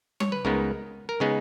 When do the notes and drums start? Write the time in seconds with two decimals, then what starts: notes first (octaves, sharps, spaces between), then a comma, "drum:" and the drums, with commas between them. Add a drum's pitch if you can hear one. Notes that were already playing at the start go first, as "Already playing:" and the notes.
0.20 C#5, drum: tom G3
0.32 B4
0.45 C#2 C#3 G#3 B3 D#4 A#4
1.09 A#4
1.20 C#3 G#3 B3 D#4 G#4